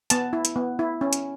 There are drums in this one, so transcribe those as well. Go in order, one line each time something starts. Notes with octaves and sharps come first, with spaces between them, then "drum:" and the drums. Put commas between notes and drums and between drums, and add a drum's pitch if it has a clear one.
B3 A5, drum: hi-hat
E4
drum: hi-hat
B3
E4
C#4
drum: hi-hat